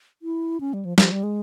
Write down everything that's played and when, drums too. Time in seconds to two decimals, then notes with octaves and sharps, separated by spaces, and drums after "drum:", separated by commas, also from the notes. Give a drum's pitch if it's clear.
0.22 E4
0.60 C#4
0.73 G3
0.85 F3
0.98 F3, drum: snare
1.12 G3
1.23 G#3